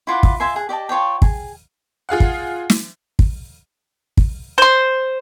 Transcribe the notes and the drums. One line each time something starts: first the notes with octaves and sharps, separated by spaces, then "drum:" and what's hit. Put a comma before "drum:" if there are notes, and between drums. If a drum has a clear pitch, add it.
E4 F4 F#5 D6
drum: kick
F4 E5 G#5 C6
G#4 F#5
G4 D5 D#5 A5
F4 C#5 D5 G5
G#4, drum: kick
F4 G#4 F5 F#5
drum: kick
drum: snare
drum: kick
drum: kick
C5 C6